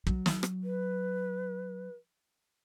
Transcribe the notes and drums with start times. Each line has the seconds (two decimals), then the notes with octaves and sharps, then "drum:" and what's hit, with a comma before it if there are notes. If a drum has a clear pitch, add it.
0.07 F#3, drum: kick
0.26 drum: snare
0.43 drum: rim click
0.63 B4